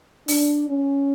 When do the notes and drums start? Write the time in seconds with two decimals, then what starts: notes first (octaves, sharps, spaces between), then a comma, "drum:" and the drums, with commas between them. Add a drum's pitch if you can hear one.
0.28 D4, drum: open hi-hat
0.69 C#4